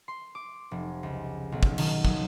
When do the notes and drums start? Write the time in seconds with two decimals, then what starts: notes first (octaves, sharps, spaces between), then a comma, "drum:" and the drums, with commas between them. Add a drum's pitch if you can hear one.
0.08 C6
0.35 D6
0.71 F1
1.03 C#2
1.52 B1
1.63 drum: kick
1.78 D#3, drum: cymbal
2.05 F#3, drum: kick